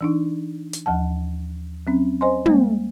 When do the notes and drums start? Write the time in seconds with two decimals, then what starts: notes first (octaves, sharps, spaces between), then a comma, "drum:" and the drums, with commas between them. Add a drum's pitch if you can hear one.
0.01 E3 D4 D#4
0.73 drum: hi-hat
0.86 D#2 F3 F#5 A5
1.87 F#3 C4 C#4
2.21 C5 D#5 G#5 C6
2.46 G3 G#3 A#3, drum: tom